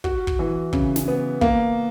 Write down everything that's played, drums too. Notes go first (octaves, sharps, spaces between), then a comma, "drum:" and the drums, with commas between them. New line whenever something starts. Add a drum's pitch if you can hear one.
F#4, drum: kick
drum: kick
E3
C#3, drum: kick
drum: snare
B3
A#3, drum: kick